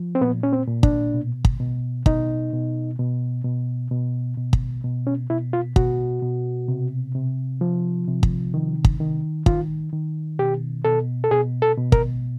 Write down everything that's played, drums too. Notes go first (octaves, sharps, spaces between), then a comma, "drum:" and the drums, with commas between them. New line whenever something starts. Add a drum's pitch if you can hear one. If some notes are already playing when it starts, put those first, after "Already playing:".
Already playing: F3
C4
A#2 B3
C#4
C4
A#2
D4, drum: kick
B2
drum: kick
B2
B2 D#4, drum: kick
B2
B2
B2
B2
B2
drum: kick
B2
C#4
B2 E4
F4
B2 F#4, drum: kick
B2
C3
C3
F3
C3
drum: kick
D#3
drum: kick
D#3
D#3 F4, drum: kick
D#3
B2 G4
B2 A4
A4
B2 G#4
A4
B2
A#4, drum: kick